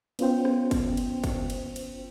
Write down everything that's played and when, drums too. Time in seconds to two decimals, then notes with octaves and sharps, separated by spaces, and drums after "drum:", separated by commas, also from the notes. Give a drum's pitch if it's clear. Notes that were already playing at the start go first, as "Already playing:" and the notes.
0.19 B3 C#4 F4 C5 G5, drum: cymbal
0.45 drum: rim click
0.71 drum: kick, cymbal
0.97 drum: cymbal
1.24 drum: kick, cymbal
1.50 drum: cymbal
1.76 drum: cymbal